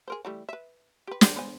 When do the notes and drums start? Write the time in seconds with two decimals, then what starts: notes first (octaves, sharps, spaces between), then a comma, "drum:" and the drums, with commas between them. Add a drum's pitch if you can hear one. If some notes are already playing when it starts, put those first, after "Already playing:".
0.08 G#4 A#4 C5
0.25 E3 G3 A3
0.49 B4 E5
1.07 G4 B4
1.21 F#3 G#3 G4, drum: snare
1.36 B3 C5 G#5